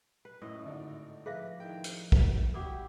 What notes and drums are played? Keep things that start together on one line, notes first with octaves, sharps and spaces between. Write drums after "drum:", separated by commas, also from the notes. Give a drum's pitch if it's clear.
B4
F#2 A2 D#5
G#1 D3 D#4 D5
F3 G#4 B4 E5 F5
D#3 E4 G5
drum: hi-hat
drum: kick
G3 E4 F#4 G4 F#5 D6 D#6